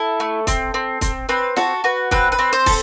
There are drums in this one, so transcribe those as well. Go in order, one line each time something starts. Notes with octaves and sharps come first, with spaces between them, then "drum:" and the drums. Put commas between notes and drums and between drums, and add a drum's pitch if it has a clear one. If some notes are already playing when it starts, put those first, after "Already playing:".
Already playing: E4 A4
A3
C4, drum: kick, hi-hat
C4
C4, drum: kick, hi-hat
C4 B4
F#4 A4, drum: snare
F#4 B4
C4 B4, drum: kick
B4
C4
C5
A4, drum: kick, open hi-hat